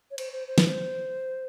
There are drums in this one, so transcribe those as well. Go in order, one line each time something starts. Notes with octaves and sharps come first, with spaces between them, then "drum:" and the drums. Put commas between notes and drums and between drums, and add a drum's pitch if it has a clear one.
C#5
C5, drum: cymbal
C5
C5
B4, drum: snare
C5